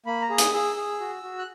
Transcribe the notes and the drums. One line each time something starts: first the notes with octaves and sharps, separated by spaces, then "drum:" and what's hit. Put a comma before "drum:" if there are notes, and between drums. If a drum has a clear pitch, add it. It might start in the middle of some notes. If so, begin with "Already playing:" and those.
A#3 B5
A#5
G#4
D#6, drum: hi-hat
G#4 E6
G#4
F#4
F#4
F#6